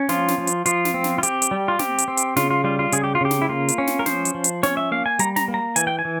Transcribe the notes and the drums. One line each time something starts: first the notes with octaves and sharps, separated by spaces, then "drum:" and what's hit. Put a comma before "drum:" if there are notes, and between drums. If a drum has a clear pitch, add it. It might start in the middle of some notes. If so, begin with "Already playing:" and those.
Already playing: C#4
F3 F4, drum: snare
drum: snare
F3
drum: hi-hat
F3 F4, drum: hi-hat
drum: snare
C4
drum: snare
F4
C4 G4, drum: hi-hat
drum: hi-hat
G3
F4
C4 G4, drum: snare
drum: hi-hat
C4
drum: hi-hat
C#3 F4, drum: snare
F4
G3 F4
F4
C#3 G#4, drum: hi-hat
G4
F4
C#3 G4
drum: snare
E4
A#3 F4
drum: hi-hat
C#4
drum: snare
A#4
F3 C5, drum: snare
drum: hi-hat
F3
drum: hi-hat
C#4 C#5, drum: snare
E5
A#3 F5
G#5
G3 A#5, drum: hi-hat
A#5, drum: snare
A#3
A#5
E3 G#5, drum: hi-hat
G5
G#5
E3